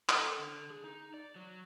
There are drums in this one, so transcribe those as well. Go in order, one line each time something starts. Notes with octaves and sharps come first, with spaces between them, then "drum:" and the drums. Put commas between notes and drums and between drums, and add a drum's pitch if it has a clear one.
A4, drum: clap
D3
G#4
D#4
D5
F#3